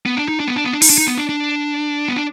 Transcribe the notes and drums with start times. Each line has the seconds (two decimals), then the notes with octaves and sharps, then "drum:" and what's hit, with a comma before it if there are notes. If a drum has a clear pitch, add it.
0.06 B3
0.17 D4
0.28 D#4
0.40 D4
0.48 B3
0.56 D4
0.64 B3
0.73 D4
0.82 D#4, drum: open hi-hat
0.90 D4
0.98 D#4
1.07 B3
1.18 D4
1.29 D4
2.08 B3
2.16 D4